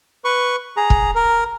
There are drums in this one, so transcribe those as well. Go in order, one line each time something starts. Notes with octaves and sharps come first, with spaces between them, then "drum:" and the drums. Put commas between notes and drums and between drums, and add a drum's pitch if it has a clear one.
B4 C#6
G#4 A#5
drum: kick
A#4